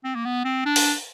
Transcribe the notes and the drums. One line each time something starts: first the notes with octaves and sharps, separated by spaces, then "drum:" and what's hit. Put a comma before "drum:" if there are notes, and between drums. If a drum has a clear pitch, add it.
C4
A#3
B3
C4
D4
drum: open hi-hat